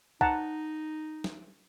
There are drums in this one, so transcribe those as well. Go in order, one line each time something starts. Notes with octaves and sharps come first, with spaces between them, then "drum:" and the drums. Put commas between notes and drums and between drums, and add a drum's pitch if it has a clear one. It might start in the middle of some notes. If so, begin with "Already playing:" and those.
D#4 F#5 A5 A#5, drum: kick C2
drum: snare